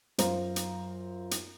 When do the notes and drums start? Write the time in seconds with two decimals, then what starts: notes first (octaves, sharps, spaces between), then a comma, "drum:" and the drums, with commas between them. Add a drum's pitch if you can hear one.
0.18 F#2 F4 C5 F5 A#5, drum: hi-hat
0.56 drum: hi-hat
1.31 drum: hi-hat